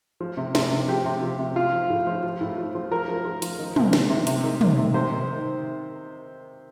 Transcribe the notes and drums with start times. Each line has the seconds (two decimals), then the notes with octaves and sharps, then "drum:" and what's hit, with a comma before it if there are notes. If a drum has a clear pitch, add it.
0.20 F3
0.37 C3
0.55 C3, drum: snare
0.71 C3
0.88 F3 G4
1.05 C3
1.22 F3
1.39 C3
1.56 F3 F4
1.73 F3
1.90 A2
2.07 F3
2.23 F3
2.41 A2
2.58 F3
2.75 F3
2.91 F3 A#4
3.08 F3
3.25 F3
3.42 F3, drum: hi-hat
3.59 D#3
3.76 C3, drum: tom
3.93 D#3, drum: snare
4.10 C3
4.27 C3, drum: hi-hat
4.44 D#3
4.61 D#3, drum: tom
4.78 C3
4.94 C3 C5
5.11 D#3